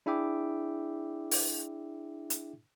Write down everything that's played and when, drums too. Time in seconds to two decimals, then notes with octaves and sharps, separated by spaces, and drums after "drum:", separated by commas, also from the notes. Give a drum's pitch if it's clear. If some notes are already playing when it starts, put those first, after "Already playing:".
0.06 D4 E4 G#4 E5 G5 D6
1.31 drum: open hi-hat
2.30 drum: hi-hat